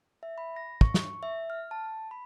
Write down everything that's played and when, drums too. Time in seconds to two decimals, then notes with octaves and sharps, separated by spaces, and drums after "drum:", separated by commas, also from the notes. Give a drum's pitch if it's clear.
0.23 E5
0.38 B5
0.56 A#6
0.81 C#6, drum: kick
0.94 C#6, drum: snare
1.23 E5
1.50 F6
1.71 A5
2.11 B5